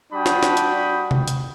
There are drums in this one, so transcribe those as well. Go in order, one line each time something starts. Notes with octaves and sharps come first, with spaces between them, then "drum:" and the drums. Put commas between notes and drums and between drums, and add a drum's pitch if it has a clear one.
G3 D4 F#4 G5 B5 D#6
drum: snare
drum: snare
drum: hi-hat
drum: tom C3
drum: hi-hat